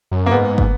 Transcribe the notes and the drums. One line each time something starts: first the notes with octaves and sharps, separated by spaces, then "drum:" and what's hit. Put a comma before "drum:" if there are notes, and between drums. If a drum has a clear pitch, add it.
F#2
A#3
G#2 B3
drum: kick